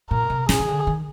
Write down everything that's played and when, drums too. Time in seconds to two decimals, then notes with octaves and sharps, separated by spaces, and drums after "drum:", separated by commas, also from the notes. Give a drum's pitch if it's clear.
0.11 A#2 A#4
0.30 C3
0.49 A#2 G#4, drum: snare
0.60 D#3
0.68 D3
0.87 D#3